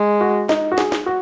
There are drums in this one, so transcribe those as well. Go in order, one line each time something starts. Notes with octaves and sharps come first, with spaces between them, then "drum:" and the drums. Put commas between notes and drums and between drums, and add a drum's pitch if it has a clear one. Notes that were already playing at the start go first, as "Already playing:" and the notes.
Already playing: G#3
F#4
D#4, drum: snare
F#4
G#4, drum: snare
drum: snare
F#4